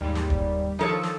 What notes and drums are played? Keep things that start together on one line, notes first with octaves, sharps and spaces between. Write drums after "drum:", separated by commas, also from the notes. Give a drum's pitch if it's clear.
D#2 G#2 G3
drum: snare
drum: kick E1
D#3 F3 A4 C#5
drum: snare